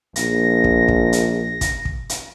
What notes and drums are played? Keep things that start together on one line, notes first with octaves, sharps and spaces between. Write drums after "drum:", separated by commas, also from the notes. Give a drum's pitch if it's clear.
A#1 A#6, drum: hi-hat
drum: kick
drum: kick
drum: hi-hat
drum: kick, hi-hat
drum: kick
drum: hi-hat